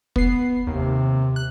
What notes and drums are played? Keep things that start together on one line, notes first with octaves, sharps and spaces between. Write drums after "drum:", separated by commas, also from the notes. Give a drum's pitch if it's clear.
B3 C7, drum: kick
D#2 C3
F#6